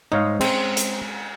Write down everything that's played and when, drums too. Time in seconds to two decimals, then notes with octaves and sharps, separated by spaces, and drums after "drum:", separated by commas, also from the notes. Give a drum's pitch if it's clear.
0.12 G#2 D#4 C#5 F5
0.41 G#3 C4 C#4, drum: cymbal
0.77 drum: hi-hat